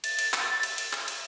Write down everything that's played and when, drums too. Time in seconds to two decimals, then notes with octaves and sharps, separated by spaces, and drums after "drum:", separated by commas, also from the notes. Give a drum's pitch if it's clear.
0.04 A6, drum: cymbal
0.19 drum: cymbal
0.33 drum: clap
0.63 drum: cymbal
0.78 drum: cymbal
0.93 drum: clap
1.08 drum: cymbal